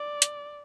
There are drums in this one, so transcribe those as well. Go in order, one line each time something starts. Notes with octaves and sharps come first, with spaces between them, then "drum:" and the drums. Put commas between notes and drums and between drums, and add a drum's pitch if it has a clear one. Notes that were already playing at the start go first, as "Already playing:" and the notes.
Already playing: D5
drum: hi-hat